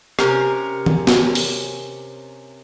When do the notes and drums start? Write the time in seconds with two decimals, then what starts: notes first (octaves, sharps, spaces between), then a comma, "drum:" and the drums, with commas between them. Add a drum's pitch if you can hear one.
0.19 C3 C#4 A#4, drum: rim click
0.86 drum: tom D#3
1.07 drum: snare
1.35 drum: open hi-hat